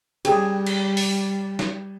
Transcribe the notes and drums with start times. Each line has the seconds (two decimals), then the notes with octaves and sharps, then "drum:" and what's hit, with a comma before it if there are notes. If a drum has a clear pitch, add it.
0.25 G3 G4 G#4, drum: cymbal
0.67 drum: cymbal
0.97 drum: open hi-hat
1.59 drum: snare